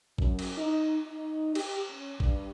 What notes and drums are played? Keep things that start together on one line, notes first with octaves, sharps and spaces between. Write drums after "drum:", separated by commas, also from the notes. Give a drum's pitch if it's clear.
F#2, drum: kick G#1
drum: cymbal
D#4
D#4
G4, drum: cymbal
C#4
G2, drum: kick G#1